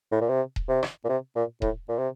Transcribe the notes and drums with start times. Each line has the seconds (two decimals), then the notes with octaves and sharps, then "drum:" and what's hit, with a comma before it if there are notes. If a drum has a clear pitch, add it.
0.12 A2
0.21 A#2
0.29 C3
0.56 drum: kick D#1
0.69 C3
0.83 drum: rim click
1.04 A#2
1.09 C3
1.36 A#2
1.62 A2, drum: kick D#1
1.89 A#2
1.98 C3